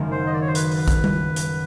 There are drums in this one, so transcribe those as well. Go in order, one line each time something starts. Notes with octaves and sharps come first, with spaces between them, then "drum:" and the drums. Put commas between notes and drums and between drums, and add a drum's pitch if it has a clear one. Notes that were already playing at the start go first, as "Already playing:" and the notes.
Already playing: F#1 F#2 D#3 G#3
C5
D#5
D5
C#5
C5
B4, drum: hi-hat
drum: open hi-hat
drum: kick, hi-hat
drum: tom G3
drum: hi-hat